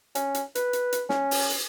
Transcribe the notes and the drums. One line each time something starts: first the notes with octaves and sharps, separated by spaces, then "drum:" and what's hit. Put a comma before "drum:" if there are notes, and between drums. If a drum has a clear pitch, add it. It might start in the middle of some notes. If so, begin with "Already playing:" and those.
C#4, drum: hi-hat
drum: hi-hat
B4, drum: hi-hat
drum: hi-hat
drum: hi-hat
C#4, drum: snare
drum: open hi-hat
drum: hi-hat